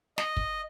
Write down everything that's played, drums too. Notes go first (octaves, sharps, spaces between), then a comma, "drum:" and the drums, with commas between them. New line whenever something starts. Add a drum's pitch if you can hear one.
D#5, drum: snare
drum: kick